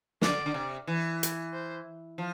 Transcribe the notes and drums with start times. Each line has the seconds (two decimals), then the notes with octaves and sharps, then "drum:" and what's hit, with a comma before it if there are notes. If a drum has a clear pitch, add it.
0.22 D3 D5, drum: snare
0.46 D3
0.54 C3
0.87 E3
1.23 drum: hi-hat
1.53 C5
2.18 F3